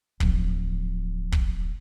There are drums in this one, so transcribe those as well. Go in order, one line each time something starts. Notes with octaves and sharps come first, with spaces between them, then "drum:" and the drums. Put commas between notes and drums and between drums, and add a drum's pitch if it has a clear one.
D1 F3, drum: kick
drum: kick